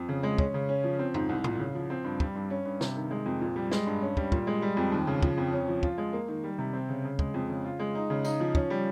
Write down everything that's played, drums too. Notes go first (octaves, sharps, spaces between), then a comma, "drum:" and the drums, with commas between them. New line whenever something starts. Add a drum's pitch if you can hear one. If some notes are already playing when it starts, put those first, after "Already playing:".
Already playing: F2
C#3
G#3
C#4, drum: kick
C#3
C#4
F3
C4
G#2, drum: tom F2
C2
A#2, drum: tom G#2
C#3
F3
C4
G2
G3, drum: kick
G2
C#4
G2
C3, drum: snare
D#3
G#3
F2
A#2
G3
G#3, drum: snare
G2
C#4
G3, drum: kick
A#2, drum: kick
G#3
G3
F2
D#2
C#3
F3, drum: kick
F2
C#4
F3
F4, drum: kick
G#3
A#3
D#3
G3
C3
C4
C#3
C#3
G#3, drum: kick
F2
C#3
F4
G#3
D#4
C#3
D#4, drum: tambourine
F3
C#4, drum: kick
G3